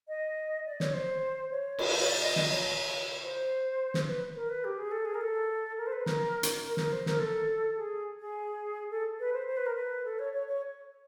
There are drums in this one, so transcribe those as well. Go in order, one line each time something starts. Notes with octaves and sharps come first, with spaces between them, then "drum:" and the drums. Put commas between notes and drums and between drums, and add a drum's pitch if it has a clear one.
D#5
D5
C#5, drum: snare
C5
C#5
drum: cymbal
C#5
D5
D#5
D#5, drum: snare
C#5
C5
drum: snare
B4
A#4
B4
G4
G#4
A4
G#4
A#4
A4
A#4
C5
B4
A#4, drum: snare
drum: hi-hat
A#4
A#4, drum: snare
C5
A#4, drum: snare
A4
G#4
G#4
A4
B4
C5
C5
B4
A#4
B4
A4
C#5
C#5
C#5